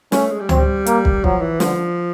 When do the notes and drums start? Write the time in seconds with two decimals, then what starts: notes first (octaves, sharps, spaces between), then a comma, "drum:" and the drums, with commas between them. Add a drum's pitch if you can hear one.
0.12 A3 C#4, drum: snare
0.31 G#3
0.40 G3
0.49 F#3 C4, drum: tom C#2
0.58 G3
0.86 A#3, drum: hi-hat
1.05 drum: kick
1.24 F3 F#3, drum: kick
1.42 E3
1.60 D3 F3, drum: snare